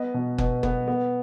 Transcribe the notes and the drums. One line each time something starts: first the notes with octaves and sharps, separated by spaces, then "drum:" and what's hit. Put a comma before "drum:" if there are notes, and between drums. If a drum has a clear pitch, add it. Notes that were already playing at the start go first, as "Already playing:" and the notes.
Already playing: B3 D#5
B2
B2, drum: kick F#1
B3, drum: kick F#1
B3